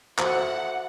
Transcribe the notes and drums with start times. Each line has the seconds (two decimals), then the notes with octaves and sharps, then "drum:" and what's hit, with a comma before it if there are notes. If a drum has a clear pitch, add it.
0.19 F#4 A4 C5 E5 F#5, drum: clap